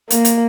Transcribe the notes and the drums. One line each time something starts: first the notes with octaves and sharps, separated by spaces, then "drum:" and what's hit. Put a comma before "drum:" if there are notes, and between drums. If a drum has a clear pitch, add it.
A#3, drum: hi-hat
drum: hi-hat